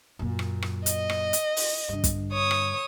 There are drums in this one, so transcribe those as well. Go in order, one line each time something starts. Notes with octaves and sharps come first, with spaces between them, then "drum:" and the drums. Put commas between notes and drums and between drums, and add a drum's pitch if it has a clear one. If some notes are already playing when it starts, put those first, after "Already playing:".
F#2 A#2
drum: rim click
drum: rim click
D#5, drum: hi-hat
drum: rim click
drum: hi-hat
drum: open hi-hat
G2 D3
drum: kick, hi-hat
C#5 D#6
drum: rim click